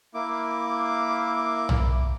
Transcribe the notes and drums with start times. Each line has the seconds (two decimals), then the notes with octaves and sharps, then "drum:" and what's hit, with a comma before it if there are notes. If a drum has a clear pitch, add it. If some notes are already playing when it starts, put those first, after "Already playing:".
0.15 A#3 E4 D6
1.69 drum: tom